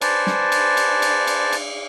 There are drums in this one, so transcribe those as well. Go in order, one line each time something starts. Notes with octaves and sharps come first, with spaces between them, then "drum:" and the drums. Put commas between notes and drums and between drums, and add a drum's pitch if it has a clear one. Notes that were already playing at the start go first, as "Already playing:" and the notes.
B4 C5 D5 G#5 A5, drum: cymbal
drum: snare
drum: cymbal
drum: cymbal
drum: cymbal
drum: cymbal
drum: cymbal